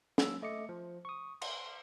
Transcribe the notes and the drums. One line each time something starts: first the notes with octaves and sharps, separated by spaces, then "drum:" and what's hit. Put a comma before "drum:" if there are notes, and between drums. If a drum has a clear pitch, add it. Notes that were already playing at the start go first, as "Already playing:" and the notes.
F#3 A#3 E6, drum: snare
A3 D#5 D6 C#7
F3
C#6 D#6
C6, drum: cymbal